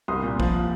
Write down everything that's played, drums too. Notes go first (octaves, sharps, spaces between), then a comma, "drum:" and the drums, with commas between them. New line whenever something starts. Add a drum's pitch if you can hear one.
C2 C6 D#6
A#2
F3, drum: kick